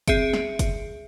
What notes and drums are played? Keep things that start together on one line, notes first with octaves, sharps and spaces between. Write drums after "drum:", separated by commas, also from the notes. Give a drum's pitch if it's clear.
C4 G#4 E5 C#7 D7, drum: kick F#1, hi-hat
drum: snare
drum: kick F#1, hi-hat